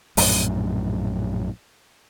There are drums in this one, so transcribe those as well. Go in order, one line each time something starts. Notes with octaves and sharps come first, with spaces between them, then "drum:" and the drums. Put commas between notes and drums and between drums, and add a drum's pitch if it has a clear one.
A#1 F#2 A2, drum: open hi-hat